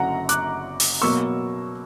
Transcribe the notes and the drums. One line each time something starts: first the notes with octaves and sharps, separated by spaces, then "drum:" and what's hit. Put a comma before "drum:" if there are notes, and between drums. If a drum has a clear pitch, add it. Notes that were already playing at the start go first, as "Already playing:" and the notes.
Already playing: F#1 F#2 D3 F#3 F#5 A#5
D6 F#6, drum: hi-hat
drum: open hi-hat
B2 F#3 A#3 C#6 E6